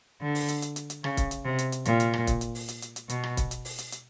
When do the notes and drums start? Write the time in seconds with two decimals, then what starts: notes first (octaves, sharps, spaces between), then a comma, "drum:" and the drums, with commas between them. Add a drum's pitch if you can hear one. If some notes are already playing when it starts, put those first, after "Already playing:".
0.21 D3
0.35 drum: open hi-hat
0.48 drum: hi-hat
0.62 drum: hi-hat
0.76 drum: hi-hat
0.90 drum: hi-hat
1.04 C#3, drum: rim click
1.17 drum: kick, hi-hat
1.31 drum: hi-hat
1.45 C3
1.58 drum: hi-hat
1.72 drum: hi-hat
1.85 A#2, drum: hi-hat
2.00 drum: hi-hat
2.13 drum: rim click
2.27 drum: kick, hi-hat
2.41 drum: hi-hat
2.55 drum: open hi-hat
2.68 drum: hi-hat
2.82 drum: hi-hat
2.96 drum: hi-hat
3.09 B2, drum: hi-hat
3.24 drum: rim click
3.37 drum: kick, hi-hat
3.51 drum: hi-hat
3.65 drum: open hi-hat
3.79 drum: hi-hat
3.92 drum: hi-hat